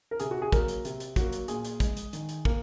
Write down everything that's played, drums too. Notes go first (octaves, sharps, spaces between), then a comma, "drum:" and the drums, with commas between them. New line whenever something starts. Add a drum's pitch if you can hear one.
A#4
C3 G#4, drum: hi-hat
F#4
G#4
F#3 A#3 A#4, drum: kick, hi-hat
drum: hi-hat
C3, drum: hi-hat
drum: hi-hat
F#3 A#3 F#4, drum: kick, hi-hat
drum: hi-hat
A#2 G#4, drum: hi-hat
drum: hi-hat
G#3, drum: kick, hi-hat
drum: hi-hat
D#3, drum: hi-hat
drum: hi-hat
A#3, drum: kick